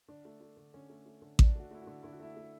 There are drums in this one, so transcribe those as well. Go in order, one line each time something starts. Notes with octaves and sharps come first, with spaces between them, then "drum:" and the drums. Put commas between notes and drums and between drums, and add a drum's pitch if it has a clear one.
D3 D4
A3
A3
D3
D3 C#4
A3
A3
D3
D3 D4, drum: kick A1
A3 F#4
A3 E4
F#4
D3
D3 E4
F#4
A3 E4
A3